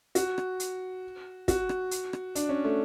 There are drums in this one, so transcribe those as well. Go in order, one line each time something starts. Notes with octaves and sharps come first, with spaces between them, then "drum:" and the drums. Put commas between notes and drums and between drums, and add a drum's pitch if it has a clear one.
F#4, drum: hi-hat
drum: rim click
drum: hi-hat
F#4, drum: kick, hi-hat
drum: rim click
drum: hi-hat
drum: rim click
D4, drum: hi-hat
C#4
A3